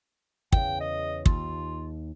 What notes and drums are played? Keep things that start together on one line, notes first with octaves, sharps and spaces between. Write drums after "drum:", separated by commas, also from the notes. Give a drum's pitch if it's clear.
E2 C#3 G5, drum: kick
D#5
D#2 F4, drum: kick